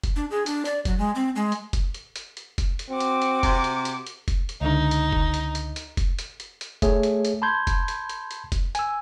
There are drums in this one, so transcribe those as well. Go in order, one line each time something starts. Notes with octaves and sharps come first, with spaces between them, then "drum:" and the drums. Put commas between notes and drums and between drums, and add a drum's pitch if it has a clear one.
drum: kick F1, hi-hat
D4
G#4
D4, drum: hi-hat
D5, drum: hi-hat
F#3, drum: kick F1, hi-hat
G#3
C4
G#3
drum: hi-hat
drum: kick F1, hi-hat
drum: hi-hat
drum: hi-hat
drum: hi-hat
drum: kick F1, hi-hat
drum: hi-hat
C4 F#4 D6
drum: hi-hat
drum: hi-hat
C3, drum: kick F1, hi-hat
drum: hi-hat
drum: hi-hat
drum: hi-hat
drum: kick F1, hi-hat
drum: hi-hat
C#2 D3 D#4
drum: hi-hat
drum: kick F1
drum: hi-hat
drum: hi-hat
drum: hi-hat
drum: kick F1, hi-hat
drum: hi-hat
drum: hi-hat
drum: hi-hat
A3 G#4 C#5, drum: kick F1, hi-hat
drum: hi-hat
drum: hi-hat
A5 B5 C6 G6 G#6
drum: kick F1, hi-hat
drum: hi-hat
drum: hi-hat
drum: hi-hat
drum: kick F1, hi-hat
G#5 E6, drum: hi-hat